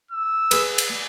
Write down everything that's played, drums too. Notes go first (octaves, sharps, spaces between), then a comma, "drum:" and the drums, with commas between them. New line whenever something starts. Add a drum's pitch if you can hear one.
E6
G#4 B4, drum: cymbal
drum: cymbal